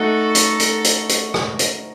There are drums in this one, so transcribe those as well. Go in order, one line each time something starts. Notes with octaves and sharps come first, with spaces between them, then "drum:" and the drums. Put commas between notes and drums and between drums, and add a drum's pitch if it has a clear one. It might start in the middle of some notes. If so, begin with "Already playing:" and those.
Already playing: A3 D#4 F#4 A4
drum: hi-hat
drum: hi-hat
drum: hi-hat
drum: hi-hat
drum: rim click
drum: hi-hat